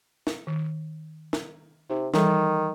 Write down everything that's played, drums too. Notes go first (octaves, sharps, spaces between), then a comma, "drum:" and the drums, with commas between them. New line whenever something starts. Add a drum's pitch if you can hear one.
drum: snare
D#3
drum: snare
C3 D#4
D#3 E3 G3 A4, drum: snare